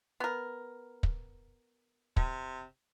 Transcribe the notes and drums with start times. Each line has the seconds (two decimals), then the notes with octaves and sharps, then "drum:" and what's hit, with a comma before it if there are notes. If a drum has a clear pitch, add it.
0.20 B3 A#4
1.03 drum: kick
2.17 C3, drum: kick